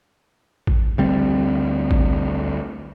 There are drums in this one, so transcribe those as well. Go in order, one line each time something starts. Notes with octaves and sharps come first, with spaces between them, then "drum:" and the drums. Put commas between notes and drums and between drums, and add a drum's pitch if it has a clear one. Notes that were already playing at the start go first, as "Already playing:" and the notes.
drum: kick A1
D2 G3 C4
drum: kick A1